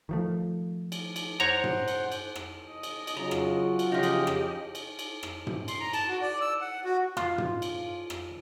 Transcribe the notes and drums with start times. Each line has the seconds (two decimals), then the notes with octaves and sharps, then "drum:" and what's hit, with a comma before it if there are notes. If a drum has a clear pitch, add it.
0.09 D#3 F3 A3
0.92 drum: cymbal
1.16 drum: cymbal
1.40 C5 C#5 F#5 A#5, drum: rim click
1.64 drum: tom
1.88 drum: cymbal
2.12 drum: cymbal
2.36 drum: rim click
2.70 D#5
2.83 drum: cymbal
3.07 drum: cymbal
3.17 C#3 F#3 F4 F#4 A#5
3.31 drum: rim click
3.79 drum: cymbal
3.92 C#3 F3 D#4 G4 D#5
4.03 drum: cymbal
4.27 drum: rim click
4.75 drum: cymbal
4.99 drum: cymbal
5.23 drum: rim click
5.47 drum: tom
5.68 C6, drum: cymbal
5.80 A#5
5.93 A5, drum: cymbal
6.08 F#4
6.22 D5
6.41 E6
6.61 F#5
6.84 F#4
7.17 F4, drum: rim click
7.38 drum: tom
7.62 drum: cymbal
8.10 drum: rim click